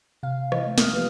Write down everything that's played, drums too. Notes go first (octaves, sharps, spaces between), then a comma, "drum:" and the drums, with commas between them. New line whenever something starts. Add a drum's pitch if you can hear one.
C3 F5
E3 D#5, drum: rim click
A3
D#6 F6, drum: snare
F3 G3 B4